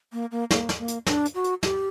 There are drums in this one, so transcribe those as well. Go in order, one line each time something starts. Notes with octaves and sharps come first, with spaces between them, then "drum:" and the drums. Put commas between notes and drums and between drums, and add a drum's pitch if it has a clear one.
A#3
A#3
A#3, drum: snare
drum: snare
A#3
drum: hi-hat
D4, drum: snare
drum: hi-hat
F#4
drum: hi-hat
G4, drum: snare